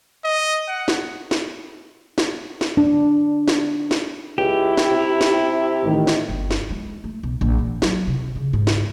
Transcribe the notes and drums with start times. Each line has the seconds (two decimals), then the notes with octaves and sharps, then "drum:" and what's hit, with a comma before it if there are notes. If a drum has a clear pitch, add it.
0.24 D#5
0.68 F#5
0.88 drum: snare
1.31 drum: snare
2.18 drum: snare
2.61 drum: snare
2.77 D4
3.48 drum: snare
3.91 drum: snare
4.38 C#2 E4 G4
4.77 drum: snare
4.91 C3
5.21 drum: snare
5.83 A1 D#3
6.07 drum: snare
6.29 G1
6.51 drum: snare
6.71 G#3
7.04 A3
7.23 B1
7.41 A#1
7.59 E3
7.82 F#3, drum: snare
8.07 C3
8.36 C#3
8.53 G#2
8.67 drum: snare